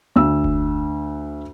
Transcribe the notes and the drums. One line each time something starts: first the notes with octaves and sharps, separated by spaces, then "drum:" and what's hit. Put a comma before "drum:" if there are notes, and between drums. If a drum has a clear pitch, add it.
D2 E6
drum: kick F1